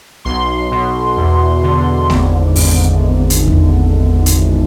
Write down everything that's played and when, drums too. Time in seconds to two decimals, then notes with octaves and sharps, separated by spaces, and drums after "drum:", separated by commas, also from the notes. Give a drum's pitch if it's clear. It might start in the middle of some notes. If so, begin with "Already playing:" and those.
0.25 B1 C6
0.71 B2
1.17 E2
1.63 D3
2.10 G#1, drum: snare A3
2.56 G#2, drum: open hi-hat
3.30 drum: hi-hat
3.48 drum: kick E2
4.26 drum: hi-hat